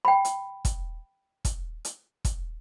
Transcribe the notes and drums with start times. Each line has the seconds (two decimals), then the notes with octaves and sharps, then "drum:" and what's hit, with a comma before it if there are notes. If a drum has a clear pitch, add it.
0.05 G5 B5
0.25 drum: hi-hat
0.65 drum: kick, hi-hat
1.45 drum: kick, hi-hat
1.85 drum: hi-hat
2.25 drum: kick, hi-hat